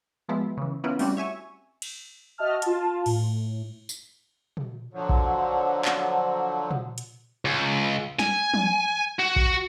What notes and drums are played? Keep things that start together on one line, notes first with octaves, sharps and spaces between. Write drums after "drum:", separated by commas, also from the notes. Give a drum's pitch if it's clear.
F3 F#3 G#3 B3 E4 F4
C#3 E3
B3 C#4 E4 F4 A#4 B4
G3 A3 C4 C#4 F#4 G4, drum: open hi-hat
C#5 E5 G#5 C#6
drum: cymbal
F#4 D#5 E5 A5 F6
F4 A5, drum: hi-hat
A2, drum: cymbal
drum: tambourine
drum: tom
D3 F3 F#3
drum: kick A#1
drum: clap
drum: tom
drum: hi-hat
C#2
G#5, drum: snare
drum: tom
F#4
drum: kick A#1